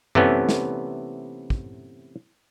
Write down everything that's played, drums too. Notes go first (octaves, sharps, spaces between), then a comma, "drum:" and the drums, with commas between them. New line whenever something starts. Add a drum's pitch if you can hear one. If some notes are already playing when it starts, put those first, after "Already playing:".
C3 E3 A3 B3 C#4, drum: tom F#2
drum: snare
drum: kick